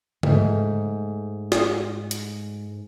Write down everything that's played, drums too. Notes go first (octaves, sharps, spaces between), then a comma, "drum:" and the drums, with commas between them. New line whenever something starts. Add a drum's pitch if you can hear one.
G#2 A3, drum: tom C#3
drum: snare
drum: hi-hat